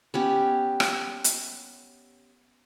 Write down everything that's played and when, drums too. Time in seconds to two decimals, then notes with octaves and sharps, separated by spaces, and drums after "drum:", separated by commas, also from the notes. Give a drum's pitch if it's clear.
0.14 B3 C#4 G4
0.80 drum: rim click
1.24 drum: hi-hat